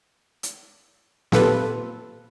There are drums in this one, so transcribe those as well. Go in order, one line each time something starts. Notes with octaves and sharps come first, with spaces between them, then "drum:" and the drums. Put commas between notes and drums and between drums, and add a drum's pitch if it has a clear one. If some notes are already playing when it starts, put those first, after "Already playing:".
drum: hi-hat
A#2 F4 A4 B4, drum: snare